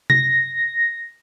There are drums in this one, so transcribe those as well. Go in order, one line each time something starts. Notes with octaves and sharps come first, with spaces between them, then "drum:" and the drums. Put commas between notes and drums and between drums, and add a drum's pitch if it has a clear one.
A#6, drum: tom C3